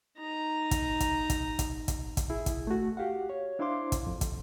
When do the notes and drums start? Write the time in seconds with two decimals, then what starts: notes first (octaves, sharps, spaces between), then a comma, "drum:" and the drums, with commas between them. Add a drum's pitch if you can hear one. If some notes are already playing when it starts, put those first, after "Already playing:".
0.18 D#4 A#5
0.71 drum: kick, hi-hat
1.00 drum: kick, hi-hat
1.30 drum: kick, hi-hat
1.59 drum: kick, hi-hat
1.88 drum: kick, hi-hat
2.17 drum: kick, hi-hat
2.30 E4 G#4
2.46 drum: kick, hi-hat
2.67 A3 F#4
2.97 F#4 G4 F5 F#5
3.30 C#5
3.59 D4 E4 C5 F5 C6 D6
3.92 drum: kick, hi-hat
4.07 F2
4.21 drum: kick, hi-hat